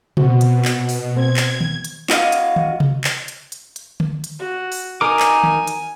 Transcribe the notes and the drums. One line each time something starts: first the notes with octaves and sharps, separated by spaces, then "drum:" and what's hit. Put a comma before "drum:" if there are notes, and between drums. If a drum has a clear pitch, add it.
B2 C4 F#4, drum: tom C3
drum: hi-hat
drum: clap
drum: open hi-hat
C4 G#6
drum: clap
drum: tom D#3
drum: hi-hat
F#4 D#5 F5, drum: clap
drum: hi-hat
drum: tom D#3
drum: tom C3
drum: clap
drum: hi-hat
drum: hi-hat
drum: hi-hat
drum: tom D3
drum: hi-hat
F#4
drum: open hi-hat
D#4 A#4 G#5 D6
drum: clap
drum: tom D#3
drum: hi-hat